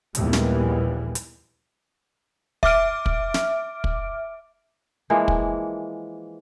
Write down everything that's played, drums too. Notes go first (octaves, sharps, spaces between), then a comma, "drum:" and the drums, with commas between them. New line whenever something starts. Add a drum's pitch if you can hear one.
A#1 D#2 E3 G3 G#3 B3, drum: hi-hat
drum: snare
drum: hi-hat
E5 D6 F6 D7, drum: kick
drum: kick
drum: snare
drum: kick
E3 F3 G#3 A#3
drum: kick